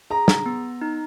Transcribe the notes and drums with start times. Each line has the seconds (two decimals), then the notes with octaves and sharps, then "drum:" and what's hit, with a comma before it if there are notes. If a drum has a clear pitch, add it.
0.10 G#4 A#5
0.28 drum: snare
0.46 B3
0.81 D#4